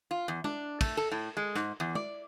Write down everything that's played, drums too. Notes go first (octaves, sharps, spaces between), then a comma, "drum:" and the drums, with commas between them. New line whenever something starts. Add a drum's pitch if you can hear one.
F4
E2
D4, drum: tom
A3, drum: kick, cymbal
A4
A2
G#3
G#2, drum: rim click
E2
D5, drum: tom